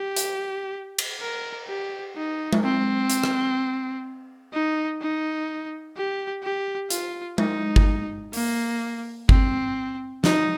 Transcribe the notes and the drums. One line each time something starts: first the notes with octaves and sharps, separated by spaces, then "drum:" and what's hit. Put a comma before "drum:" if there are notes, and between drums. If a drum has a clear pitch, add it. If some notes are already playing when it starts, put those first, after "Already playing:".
Already playing: G4
drum: hi-hat
drum: cymbal
A#4
G4
D#4
drum: tom G#3
C4
drum: hi-hat
drum: rim click
D#4
D#4
G4
G4
F4, drum: hi-hat
D#4, drum: tom G#3
drum: kick G1
A#3, drum: open hi-hat
C4, drum: kick G1
D#4, drum: snare